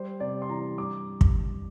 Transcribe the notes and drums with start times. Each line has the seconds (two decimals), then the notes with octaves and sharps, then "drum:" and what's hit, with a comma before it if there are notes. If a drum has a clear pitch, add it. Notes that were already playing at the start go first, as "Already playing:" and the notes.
Already playing: G3 C5
0.20 C3 D5
0.42 C6
0.49 E3 A#5
0.78 G2 D6
1.21 drum: kick